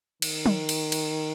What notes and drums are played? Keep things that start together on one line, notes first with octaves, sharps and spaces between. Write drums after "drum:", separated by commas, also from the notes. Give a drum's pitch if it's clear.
D#3, drum: cymbal
drum: tom
drum: cymbal
drum: cymbal